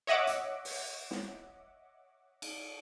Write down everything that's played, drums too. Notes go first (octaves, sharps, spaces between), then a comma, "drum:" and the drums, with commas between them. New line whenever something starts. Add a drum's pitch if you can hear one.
C#5 D#5 E5 F#5 D6
drum: hi-hat
drum: open hi-hat
drum: snare
drum: cymbal